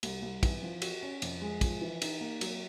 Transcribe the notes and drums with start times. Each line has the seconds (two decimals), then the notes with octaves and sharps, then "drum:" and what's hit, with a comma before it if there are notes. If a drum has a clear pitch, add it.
0.03 C2, drum: cymbal
0.22 C2
0.43 E3, drum: kick, cymbal
0.63 F3
0.82 F#4, drum: cymbal
1.03 C#4
1.22 F2, drum: cymbal
1.42 G#3
1.61 F3, drum: kick, cymbal
1.82 E3
2.02 D#4, drum: cymbal
2.21 A#3
2.41 F#3, drum: cymbal